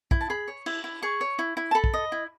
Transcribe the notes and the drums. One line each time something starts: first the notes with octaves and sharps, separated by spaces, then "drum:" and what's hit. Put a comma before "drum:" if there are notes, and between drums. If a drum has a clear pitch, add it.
E4, drum: kick
A5
G#4 B5
C#5
E4, drum: cymbal
E4
G#4 C#6
C#5
E4
E4
A5
A4 B5
drum: kick
D#5
E4